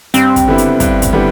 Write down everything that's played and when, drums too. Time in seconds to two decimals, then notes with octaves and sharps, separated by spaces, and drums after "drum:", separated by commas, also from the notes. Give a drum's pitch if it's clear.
0.14 G2 C4, drum: hi-hat
0.36 drum: kick, hi-hat
0.48 D3 G3 B3 E4
0.58 drum: hi-hat
0.80 G2, drum: kick, hi-hat
1.02 drum: kick, hi-hat
1.13 D3 G3 B3 E4